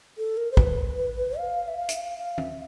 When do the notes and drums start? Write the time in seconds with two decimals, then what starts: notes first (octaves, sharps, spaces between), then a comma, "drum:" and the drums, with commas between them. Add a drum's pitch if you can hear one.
0.18 A4
0.37 A#4
0.52 C5
0.57 B4, drum: kick
1.38 F5
1.68 E5
1.77 F5
1.89 E5, drum: hi-hat
1.98 F5
2.18 F5
2.38 E5, drum: tom E3